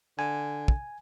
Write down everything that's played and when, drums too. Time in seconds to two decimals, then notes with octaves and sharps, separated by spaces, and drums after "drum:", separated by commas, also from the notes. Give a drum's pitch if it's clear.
0.19 D3 G#5
0.68 drum: kick